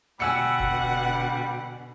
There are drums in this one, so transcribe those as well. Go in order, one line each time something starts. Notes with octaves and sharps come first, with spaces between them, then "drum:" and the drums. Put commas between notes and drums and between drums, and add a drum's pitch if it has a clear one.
B2 D3 G3 F#5 G#5 E6 C#7
drum: kick E1